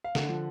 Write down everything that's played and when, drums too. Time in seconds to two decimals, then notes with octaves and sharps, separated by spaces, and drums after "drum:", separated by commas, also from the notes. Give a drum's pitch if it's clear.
0.04 F5
0.15 D3 F#5, drum: snare
0.29 F3